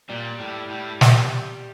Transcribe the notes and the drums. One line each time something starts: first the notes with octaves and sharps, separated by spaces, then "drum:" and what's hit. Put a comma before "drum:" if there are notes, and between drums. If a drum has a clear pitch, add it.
A#2 G3
A2
A2
A#2, drum: snare